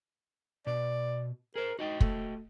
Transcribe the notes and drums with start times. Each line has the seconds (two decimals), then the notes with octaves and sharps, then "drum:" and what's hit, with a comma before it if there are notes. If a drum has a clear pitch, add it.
0.67 B2 D5
1.56 G#4 A#4 C5
1.79 D#4 F#4 D#5 G5
2.00 A3, drum: kick